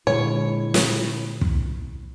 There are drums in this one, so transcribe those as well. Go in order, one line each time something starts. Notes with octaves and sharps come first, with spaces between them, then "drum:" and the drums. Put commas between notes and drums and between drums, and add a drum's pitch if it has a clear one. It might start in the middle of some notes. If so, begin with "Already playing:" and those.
A#2 D3 G#3 E4 C#5
drum: snare
drum: kick